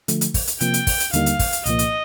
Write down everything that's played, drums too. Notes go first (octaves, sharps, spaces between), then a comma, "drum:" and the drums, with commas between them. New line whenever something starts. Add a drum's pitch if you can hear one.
D3 F3 A3, drum: hi-hat
drum: hi-hat
drum: kick, open hi-hat
drum: hi-hat
C3 F3 A#3 G5, drum: hi-hat
drum: hi-hat
drum: kick, open hi-hat
drum: hi-hat
D#2 D3 G3 A#3 D#4 F5, drum: hi-hat
drum: hi-hat
drum: kick, open hi-hat
drum: hi-hat
C2 A#2 F3 A#3 D#5, drum: hi-hat
drum: hi-hat